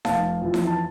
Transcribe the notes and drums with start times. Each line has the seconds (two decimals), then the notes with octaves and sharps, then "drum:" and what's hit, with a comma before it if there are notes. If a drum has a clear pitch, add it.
0.05 F1 F5 A5, drum: snare D#4
0.41 F2 E3
0.54 drum: snare D#4
0.67 A5